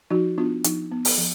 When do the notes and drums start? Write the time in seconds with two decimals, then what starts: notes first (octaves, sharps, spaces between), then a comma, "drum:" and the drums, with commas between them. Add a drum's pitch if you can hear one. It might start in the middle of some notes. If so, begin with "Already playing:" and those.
0.11 F3 D#4 F#4
0.38 B3 D4 F4
0.64 F3 D#4, drum: hi-hat
0.91 B3
1.05 drum: open hi-hat
1.18 F3